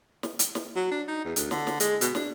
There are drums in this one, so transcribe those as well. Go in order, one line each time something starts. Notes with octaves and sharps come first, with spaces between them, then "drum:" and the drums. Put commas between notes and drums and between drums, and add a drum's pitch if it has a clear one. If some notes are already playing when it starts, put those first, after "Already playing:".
drum: snare
drum: hi-hat
drum: snare
F#3
D4
D#4
E2
D2, drum: hi-hat
D3, drum: snare
drum: snare
G#3, drum: hi-hat
B2, drum: hi-hat
D4, drum: snare